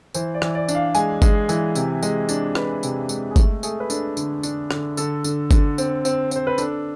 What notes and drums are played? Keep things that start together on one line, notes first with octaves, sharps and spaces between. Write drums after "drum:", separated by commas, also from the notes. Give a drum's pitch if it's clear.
E3 C5, drum: tambourine
D5
E3, drum: rim click
D5
D4, drum: tambourine
F5
G#3 G#5, drum: tambourine
G#3, drum: kick G1, tambourine
E3, drum: tambourine
C3, drum: tambourine
G#3, drum: tambourine
D4, drum: tambourine
D4 B4, drum: rim click
C3, drum: tambourine
G#3, drum: tambourine
G#4
A3 A4, drum: kick G1, tambourine
A3 G#4, drum: tambourine
B4
D4 A4, drum: tambourine
D3, drum: tambourine
D4, drum: tambourine
D3, drum: rim click
D3 A4, drum: tambourine
D3, drum: tambourine
D3, drum: kick G1, tambourine
C4, drum: tambourine
C4, drum: tambourine
C4 C5, drum: tambourine
B4
D4 A4, drum: tambourine